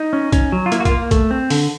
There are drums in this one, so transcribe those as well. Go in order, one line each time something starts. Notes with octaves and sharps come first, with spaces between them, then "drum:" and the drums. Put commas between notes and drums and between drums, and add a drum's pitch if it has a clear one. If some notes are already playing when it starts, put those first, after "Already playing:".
Already playing: D#4
C#4
C#4, drum: kick A#1, hi-hat
F#3
F4
A#3 E4, drum: hi-hat
F#4
F4, drum: kick A#1, hi-hat
A#3
A3, drum: kick A#1, hi-hat
C4
D3, drum: open hi-hat